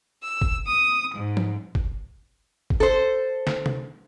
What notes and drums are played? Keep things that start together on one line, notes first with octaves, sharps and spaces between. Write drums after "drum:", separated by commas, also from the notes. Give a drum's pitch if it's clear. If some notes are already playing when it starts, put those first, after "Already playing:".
E6
drum: kick G1
D#6
G#2
drum: tom F3
drum: kick G1
drum: kick G1
A4 C5
drum: snare
drum: tom C3